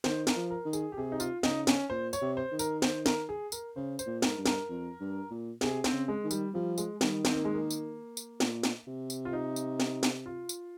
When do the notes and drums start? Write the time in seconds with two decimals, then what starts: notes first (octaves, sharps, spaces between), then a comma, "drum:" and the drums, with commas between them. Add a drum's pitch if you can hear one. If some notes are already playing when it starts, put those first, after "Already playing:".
0.04 D#3 C5, drum: snare
0.27 A#4, drum: snare
0.35 F3
0.50 A#4
0.65 D#3
0.73 G#4, drum: tambourine
0.92 G4
0.97 C3 G#4
1.12 D#4
1.20 F4, drum: tambourine
1.43 C#3 D#4, drum: snare
1.67 C#4, drum: snare
1.90 A#2 C5
2.13 C#5, drum: tambourine
2.21 C3
2.37 C5
2.52 D#3
2.59 A#4, drum: tambourine
2.82 C5, drum: snare
3.06 A#4, drum: snare
3.29 G#4
3.52 A#4, drum: tambourine
3.76 C#3 C5
3.99 C5, drum: tambourine
4.06 A#2
4.22 A#4, drum: snare
4.28 G#2
4.38 G2
4.46 A#4, drum: snare
4.69 F2
5.00 G2
5.30 A#2
5.61 C3 G#4, drum: snare
5.84 C4, drum: snare
5.93 C#3
6.08 G#3
6.24 D#3
6.31 G3, drum: tambourine
6.54 F3 G3
6.78 G#3, drum: tambourine
7.01 D#3 G3, drum: snare
7.25 C4, drum: snare
7.35 A#3
7.45 G#3
7.54 A#3
7.71 drum: tambourine
8.17 drum: tambourine
8.40 A#2, drum: snare
8.63 drum: snare
8.87 C3
9.10 drum: tambourine
9.25 F4
9.33 D#4
9.56 drum: tambourine
9.80 drum: snare
10.03 drum: snare
10.26 F4
10.49 drum: tambourine